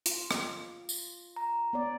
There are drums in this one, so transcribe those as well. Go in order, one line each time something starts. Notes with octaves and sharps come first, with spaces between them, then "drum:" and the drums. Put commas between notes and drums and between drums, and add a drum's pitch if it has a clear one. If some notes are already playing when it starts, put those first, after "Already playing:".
F4, drum: hi-hat
drum: rim click
drum: tambourine
A#5
B3 C#5 D5